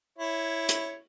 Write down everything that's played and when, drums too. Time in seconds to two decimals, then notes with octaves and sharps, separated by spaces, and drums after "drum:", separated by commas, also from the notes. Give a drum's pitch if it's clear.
0.19 E4 C#5
0.69 drum: hi-hat